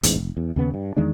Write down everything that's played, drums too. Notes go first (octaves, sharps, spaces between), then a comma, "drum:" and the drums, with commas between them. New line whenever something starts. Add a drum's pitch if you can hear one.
A1 E2 G#2, drum: hi-hat
F1
E2
D#2 C#3 B3
G2
E2 D#3 G#3 D4